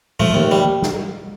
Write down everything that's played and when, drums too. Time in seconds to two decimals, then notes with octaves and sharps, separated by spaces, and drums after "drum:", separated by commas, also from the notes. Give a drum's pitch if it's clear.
0.20 F3 A3, drum: tom A#2
0.34 D#2
0.51 G3
0.82 drum: snare